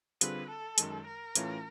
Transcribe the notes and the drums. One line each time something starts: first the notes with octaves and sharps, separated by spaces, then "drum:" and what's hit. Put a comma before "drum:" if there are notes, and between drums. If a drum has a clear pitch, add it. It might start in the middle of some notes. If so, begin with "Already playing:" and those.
D3 G3 C4 F4 G#4 B4, drum: hi-hat
A4
F#2 D#3 G#3, drum: hi-hat
A#4
A2 E3 A3 C#4 F4, drum: hi-hat